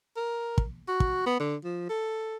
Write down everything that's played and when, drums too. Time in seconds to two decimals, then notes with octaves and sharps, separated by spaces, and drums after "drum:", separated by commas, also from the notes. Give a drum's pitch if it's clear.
0.16 A#4
0.58 drum: kick
0.88 F#4
1.00 drum: kick
1.26 B3
1.40 D3
1.64 F3
1.89 A4